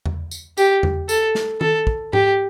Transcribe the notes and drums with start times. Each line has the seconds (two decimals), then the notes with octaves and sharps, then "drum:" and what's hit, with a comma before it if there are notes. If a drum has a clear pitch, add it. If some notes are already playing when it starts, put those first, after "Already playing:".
0.06 drum: tom E2
0.31 drum: tambourine
0.58 G4, drum: tambourine
0.83 drum: tom E2
1.09 A4, drum: tambourine
1.35 drum: snare
1.61 A4, drum: tom D#3
1.87 drum: kick
2.13 G4, drum: tom G#2